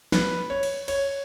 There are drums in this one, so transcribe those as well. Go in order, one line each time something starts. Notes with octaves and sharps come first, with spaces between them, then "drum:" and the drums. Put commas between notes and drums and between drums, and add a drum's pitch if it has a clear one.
B4, drum: snare
C#5
drum: cymbal
C#5, drum: cymbal